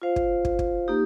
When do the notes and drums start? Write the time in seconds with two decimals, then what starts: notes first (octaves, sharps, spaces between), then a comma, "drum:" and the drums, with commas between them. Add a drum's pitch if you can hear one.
0.02 F4 C5 F5
0.16 drum: kick
0.45 drum: kick
0.59 drum: kick
0.88 A#3 D#4 G4